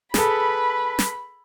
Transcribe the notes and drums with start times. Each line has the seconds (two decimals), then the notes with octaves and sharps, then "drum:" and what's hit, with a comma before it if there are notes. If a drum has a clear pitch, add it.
0.14 G#4 A4 B4 B5, drum: snare
0.99 drum: snare